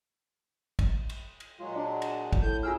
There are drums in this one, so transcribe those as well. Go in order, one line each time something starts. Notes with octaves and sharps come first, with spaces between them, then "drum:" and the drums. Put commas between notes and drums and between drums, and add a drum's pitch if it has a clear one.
drum: kick, cymbal
drum: cymbal
drum: cymbal
A#2 F#3 G#3 F4
D4
drum: cymbal
drum: kick, cymbal
A2 G6
F#2 F4 G#4 G#5 E6 F6